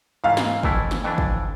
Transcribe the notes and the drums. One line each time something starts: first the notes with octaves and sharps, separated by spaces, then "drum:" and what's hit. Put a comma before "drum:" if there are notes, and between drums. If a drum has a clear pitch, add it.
G#2 E3 A3 F5
drum: snare
F2 E3 A3 E4, drum: kick
drum: snare
F2 E3 A3 D4
drum: kick